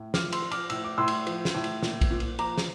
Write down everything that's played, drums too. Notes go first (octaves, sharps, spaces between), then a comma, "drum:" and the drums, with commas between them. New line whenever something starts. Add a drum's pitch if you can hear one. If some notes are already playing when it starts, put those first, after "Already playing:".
Already playing: A2
F3 D6 F6, drum: snare
C6 E6, drum: cymbal
F3
D6 F6, drum: cymbal
A2 E6, drum: cymbal
D6
A2 C6 E6
drum: cymbal
F3, drum: cymbal
drum: snare
A2
drum: cymbal
A#2, drum: snare
drum: kick, cymbal
A#2
drum: cymbal
F3 A#5 D6, drum: cymbal
drum: snare